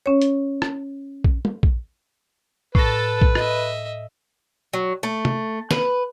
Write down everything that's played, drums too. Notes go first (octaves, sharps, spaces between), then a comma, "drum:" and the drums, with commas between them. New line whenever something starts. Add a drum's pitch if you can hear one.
C#4 C#5
drum: hi-hat
drum: rim click
drum: kick A#1
drum: tom
drum: kick A#1
A2 A4 B4 A5 A#6, drum: kick A#1
drum: kick A#1
D#5 E5, drum: rim click
F#3
A3
drum: tom
B4, drum: snare